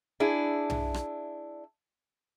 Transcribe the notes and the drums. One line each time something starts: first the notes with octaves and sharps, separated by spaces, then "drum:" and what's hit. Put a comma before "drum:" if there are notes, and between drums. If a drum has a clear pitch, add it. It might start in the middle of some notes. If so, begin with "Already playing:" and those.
D4 E4 G#4
drum: tom B1
drum: rim click